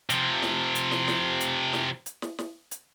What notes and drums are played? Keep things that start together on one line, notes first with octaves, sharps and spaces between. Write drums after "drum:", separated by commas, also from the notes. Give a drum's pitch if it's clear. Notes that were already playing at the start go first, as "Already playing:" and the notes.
C3 F3, drum: hi-hat
drum: snare
drum: hi-hat
drum: snare
drum: snare
drum: hi-hat
drum: snare
drum: hi-hat
drum: snare
drum: snare
drum: hi-hat